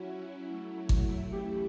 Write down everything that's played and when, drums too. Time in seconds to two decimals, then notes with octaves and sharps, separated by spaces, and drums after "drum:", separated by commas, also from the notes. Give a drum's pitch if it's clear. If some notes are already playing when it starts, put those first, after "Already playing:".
Already playing: F#3 C#4 E4 F#4
0.46 F#3 A3 E4
0.89 drum: kick G#1
1.33 C#3 E3 A3 E4 G4